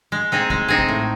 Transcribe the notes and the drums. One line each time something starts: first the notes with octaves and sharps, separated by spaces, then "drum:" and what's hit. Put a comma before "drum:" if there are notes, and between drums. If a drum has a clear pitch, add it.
G#3
C4 D#4 G#4
G#3, drum: kick
C4 D#4 G#4
drum: kick
A2